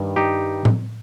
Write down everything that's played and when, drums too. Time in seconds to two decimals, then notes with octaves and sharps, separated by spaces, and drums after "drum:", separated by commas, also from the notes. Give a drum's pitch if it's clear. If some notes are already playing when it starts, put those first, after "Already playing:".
Already playing: G2 D#3 G3
0.16 D#4 G4
0.65 drum: tom A2